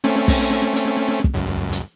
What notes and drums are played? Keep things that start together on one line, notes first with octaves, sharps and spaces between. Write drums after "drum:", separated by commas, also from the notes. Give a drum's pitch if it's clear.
A3 C4 C#4
drum: kick, open hi-hat
drum: hi-hat
drum: kick
C#2 F#2
drum: hi-hat